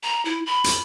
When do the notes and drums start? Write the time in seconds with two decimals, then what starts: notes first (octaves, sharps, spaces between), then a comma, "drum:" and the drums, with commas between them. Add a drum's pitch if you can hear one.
0.03 A#5
0.25 E4
0.46 B5
0.64 drum: hi-hat